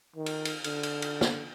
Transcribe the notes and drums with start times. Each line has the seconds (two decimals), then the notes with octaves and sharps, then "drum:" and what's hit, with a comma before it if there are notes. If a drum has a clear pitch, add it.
0.16 D#3
0.26 drum: cymbal
0.45 drum: cymbal
0.64 D3, drum: cymbal
0.83 drum: cymbal
1.02 drum: cymbal
1.21 drum: snare